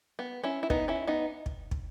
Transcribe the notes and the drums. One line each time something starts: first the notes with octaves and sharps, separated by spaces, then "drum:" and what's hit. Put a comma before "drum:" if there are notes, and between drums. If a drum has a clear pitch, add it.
B3
C#4 E4
E4
B3 D#4, drum: kick
C#4 E4
B3 D#4
drum: kick
drum: kick